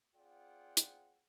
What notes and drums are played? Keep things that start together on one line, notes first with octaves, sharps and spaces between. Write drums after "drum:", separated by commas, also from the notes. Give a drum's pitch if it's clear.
C4 F4 G#4 D5 F#5 G5
drum: hi-hat